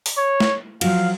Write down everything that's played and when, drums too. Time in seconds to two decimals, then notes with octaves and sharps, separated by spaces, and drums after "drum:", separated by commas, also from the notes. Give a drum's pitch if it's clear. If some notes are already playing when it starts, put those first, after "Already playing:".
0.06 drum: open hi-hat
0.17 C#5
0.40 drum: snare
0.81 F3 F#3 F4 F5, drum: cymbal